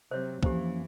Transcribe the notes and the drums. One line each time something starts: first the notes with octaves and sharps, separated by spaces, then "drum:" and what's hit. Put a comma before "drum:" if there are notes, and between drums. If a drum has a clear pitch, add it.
C3 F#3 C5 C#5
F2 E3 F3 A#3 C#4 G4 C5, drum: kick